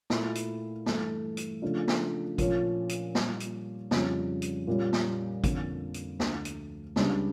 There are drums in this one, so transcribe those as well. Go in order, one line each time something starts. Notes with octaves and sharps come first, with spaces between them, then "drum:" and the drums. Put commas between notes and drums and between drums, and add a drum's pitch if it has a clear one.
A#2 A3 E4, drum: snare
drum: hi-hat
G2 E3 A3, drum: snare
drum: hi-hat
C#3 F3 A3 D4 F4
drum: snare
A#2 F3 C#4, drum: kick G#1, hi-hat
drum: hi-hat
A#2 G3 A#3 C#4, drum: snare
drum: hi-hat
F2 C#3 G3 C#4 F4, drum: snare
drum: hi-hat
A#2 G3 C#4
drum: snare
F2 D3 F3 A#3 C#4, drum: kick G#1, hi-hat
drum: hi-hat
D2 D3 A3, drum: snare
drum: hi-hat
C#2 C#3 G3 D4, drum: snare